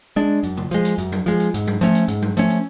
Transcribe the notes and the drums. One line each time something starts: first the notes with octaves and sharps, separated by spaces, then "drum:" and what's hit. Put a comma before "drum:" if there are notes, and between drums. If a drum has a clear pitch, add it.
G#3 D4
F#2, drum: hi-hat
drum: tom C#3
F3 G#3, drum: hi-hat
drum: hi-hat
F#2, drum: hi-hat
drum: tom F#3
F3 G#3, drum: hi-hat
drum: hi-hat
G#2, drum: hi-hat
drum: tom F#3
F3 A3 C#4, drum: hi-hat
drum: hi-hat
G#2, drum: hi-hat
drum: tom F#3
F3 A3 C#4, drum: hi-hat
drum: hi-hat